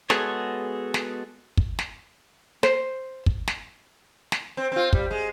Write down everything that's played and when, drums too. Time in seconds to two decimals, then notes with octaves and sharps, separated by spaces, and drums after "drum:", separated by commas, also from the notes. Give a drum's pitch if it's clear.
0.10 G#3 B3 F#4 G#4 A4 C#5, drum: snare
0.94 drum: snare
1.57 drum: kick
1.79 drum: snare
2.63 C5, drum: snare
3.26 drum: kick
3.48 drum: snare
4.32 drum: snare
4.57 C4
4.72 C4 F4
4.93 G3, drum: kick
5.11 G#3